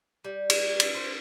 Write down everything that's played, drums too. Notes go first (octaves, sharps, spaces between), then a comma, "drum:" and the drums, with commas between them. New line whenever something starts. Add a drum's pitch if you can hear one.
G3
drum: cymbal
drum: cymbal
C5